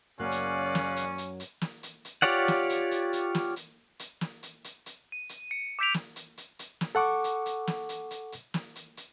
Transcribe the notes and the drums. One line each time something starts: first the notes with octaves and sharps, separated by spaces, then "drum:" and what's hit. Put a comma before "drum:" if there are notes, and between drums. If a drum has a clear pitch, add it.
F#2 C#3 F#3 A#3 C#4 D5 F5 F#6
drum: hi-hat
drum: snare
drum: hi-hat
drum: hi-hat
drum: hi-hat
drum: snare
drum: hi-hat
drum: hi-hat
F4 G4 C#5 D5 F#5
drum: snare
drum: hi-hat
drum: hi-hat
drum: hi-hat
drum: snare
drum: hi-hat
drum: hi-hat
drum: snare
drum: hi-hat
drum: hi-hat
drum: hi-hat
D#7
drum: hi-hat
C#7
D6 E6 G6 B6 D7 F7
drum: snare
drum: hi-hat
drum: hi-hat
drum: hi-hat
drum: snare
A4 F#5 C#6 D6
drum: hi-hat
drum: hi-hat
drum: snare
drum: hi-hat
drum: hi-hat
drum: hi-hat
drum: snare
drum: hi-hat
drum: hi-hat